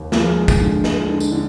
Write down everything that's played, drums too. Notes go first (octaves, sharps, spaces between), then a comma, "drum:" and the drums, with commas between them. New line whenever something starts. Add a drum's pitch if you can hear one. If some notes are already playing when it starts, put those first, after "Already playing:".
Already playing: D#2
F3 G#4 A#4, drum: snare
G#3
drum: kick, tambourine
D3
G#3, drum: snare
D3
drum: tambourine
D3